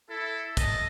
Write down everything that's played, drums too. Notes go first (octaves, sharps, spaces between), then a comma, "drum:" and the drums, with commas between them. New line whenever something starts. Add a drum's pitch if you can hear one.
E4 A4
D#5 A5, drum: kick, hi-hat